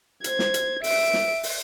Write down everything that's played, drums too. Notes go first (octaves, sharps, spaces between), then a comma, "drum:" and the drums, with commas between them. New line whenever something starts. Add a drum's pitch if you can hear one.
C5 G#6, drum: hi-hat
drum: snare
drum: hi-hat
E5 D7, drum: open hi-hat
drum: snare
drum: open hi-hat